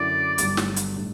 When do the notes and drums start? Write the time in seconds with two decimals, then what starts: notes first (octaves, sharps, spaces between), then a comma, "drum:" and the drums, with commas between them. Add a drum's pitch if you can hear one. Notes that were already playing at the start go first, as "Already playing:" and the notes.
Already playing: F#2 D3 F#3 C#4 E4 D5
0.38 G1 G2 F#3, drum: hi-hat
0.57 drum: snare
0.76 drum: hi-hat
0.96 A2 G3 D4